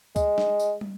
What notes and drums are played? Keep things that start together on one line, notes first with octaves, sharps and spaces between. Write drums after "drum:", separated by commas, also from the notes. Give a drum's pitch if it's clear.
G#3, drum: kick C#2, tambourine
drum: snare
drum: tambourine
drum: tom